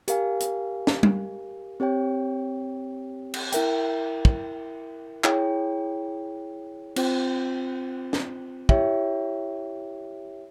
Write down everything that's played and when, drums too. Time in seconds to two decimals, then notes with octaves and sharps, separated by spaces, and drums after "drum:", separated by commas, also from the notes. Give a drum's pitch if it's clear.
0.08 G4 A#4 F5 G#5, drum: hi-hat
0.40 drum: hi-hat
0.87 drum: snare
1.03 drum: tom
1.80 C4 G4 C#5 G5
3.34 drum: cymbal
3.52 E4 A#4 E5 G5, drum: hi-hat
4.25 drum: kick
5.24 E4 G#4 C#5 G5, drum: clap
6.96 C4 F4 C5 G5, drum: cymbal
8.13 drum: snare
8.69 E4 G4 C#5 E5 G5, drum: kick